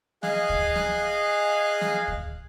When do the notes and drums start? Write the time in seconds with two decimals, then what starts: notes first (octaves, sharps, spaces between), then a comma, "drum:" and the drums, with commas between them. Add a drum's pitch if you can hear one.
0.23 G#4 D#5 F5 G#5 F#6, drum: snare
0.49 drum: kick
0.76 drum: snare
1.81 drum: snare
2.08 drum: kick